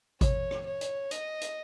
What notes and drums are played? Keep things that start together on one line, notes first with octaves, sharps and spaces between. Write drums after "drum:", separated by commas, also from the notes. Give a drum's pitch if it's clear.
C#5, drum: kick G#1, hi-hat
drum: rim click
C#5
drum: hi-hat
D#5, drum: hi-hat
drum: hi-hat